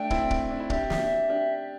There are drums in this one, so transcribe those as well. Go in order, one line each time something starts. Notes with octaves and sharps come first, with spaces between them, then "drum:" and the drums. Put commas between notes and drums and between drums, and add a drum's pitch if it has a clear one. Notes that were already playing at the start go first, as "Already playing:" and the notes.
Already playing: A3 D4 G5
C4 E4, drum: kick
drum: kick
D4
E4
D4 G4 E5, drum: kick
drum: snare
D4 G4